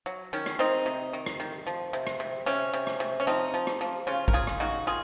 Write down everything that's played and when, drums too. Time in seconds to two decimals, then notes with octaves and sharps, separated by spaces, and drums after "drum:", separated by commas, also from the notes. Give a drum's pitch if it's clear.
0.06 F#3
0.33 D#3 C#4
0.46 drum: rim click
0.59 D#3 C4 D#4
0.86 C3
1.13 D#3
1.26 drum: rim click
1.40 D#3
1.67 F3
1.93 C3
2.07 drum: rim click
2.20 C3
2.46 C3 C#4
2.74 C3
2.87 drum: rim click
3.00 C3
3.20 C#4
3.27 F3 C4 D#4
3.54 F3
3.67 drum: rim click
3.81 F3
4.07 C#3 C#4 F4
4.28 A#4, drum: kick
4.33 C#3 F4 G#4
4.47 drum: rim click
4.60 C#3 D#4 F#4
4.87 D#3 F4 G#4